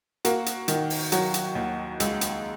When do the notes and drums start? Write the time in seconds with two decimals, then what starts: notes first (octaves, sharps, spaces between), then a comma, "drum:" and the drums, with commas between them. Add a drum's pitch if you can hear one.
0.25 A#3 F#4, drum: hi-hat
0.46 drum: hi-hat
0.68 D#3, drum: hi-hat
0.90 drum: open hi-hat
1.12 F#3 F#4, drum: hi-hat
1.34 drum: hi-hat
1.55 D#2
2.00 C#2, drum: hi-hat
2.21 drum: hi-hat